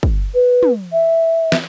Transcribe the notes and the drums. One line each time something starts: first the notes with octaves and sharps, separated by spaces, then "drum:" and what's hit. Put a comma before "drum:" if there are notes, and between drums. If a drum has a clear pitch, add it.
drum: kick
B4
drum: tom
E5
drum: snare